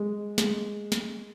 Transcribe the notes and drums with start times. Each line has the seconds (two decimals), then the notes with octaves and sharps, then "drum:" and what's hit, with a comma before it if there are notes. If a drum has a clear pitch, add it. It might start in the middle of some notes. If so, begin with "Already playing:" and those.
Already playing: G#3
0.38 G#3, drum: snare
0.92 drum: snare